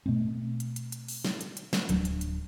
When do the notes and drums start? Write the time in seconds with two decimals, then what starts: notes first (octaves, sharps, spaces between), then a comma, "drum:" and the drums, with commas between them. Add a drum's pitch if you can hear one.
0.06 B2 A3 B3 C4
0.60 drum: hi-hat
0.76 drum: hi-hat
0.92 drum: hi-hat
1.08 drum: open hi-hat
1.25 drum: snare
1.41 drum: hi-hat
1.57 drum: hi-hat
1.73 drum: snare
1.89 D1 F#3 D4, drum: hi-hat
2.05 drum: hi-hat
2.21 drum: hi-hat